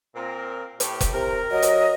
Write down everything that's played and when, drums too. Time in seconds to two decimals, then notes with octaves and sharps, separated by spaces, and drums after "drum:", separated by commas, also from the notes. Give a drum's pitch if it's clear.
0.15 A#2 C4 A#4
0.80 A2 G4, drum: hi-hat
1.01 drum: kick F1, hi-hat
1.14 C3 A#4
1.51 F#3 D#5
1.62 drum: hi-hat